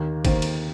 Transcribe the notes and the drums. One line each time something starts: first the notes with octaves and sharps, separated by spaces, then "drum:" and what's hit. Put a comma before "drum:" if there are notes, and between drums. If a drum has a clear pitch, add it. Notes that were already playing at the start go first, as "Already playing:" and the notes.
Already playing: D#2 D#3 A#3
D#3 A#3 C5, drum: kick, cymbal
drum: cymbal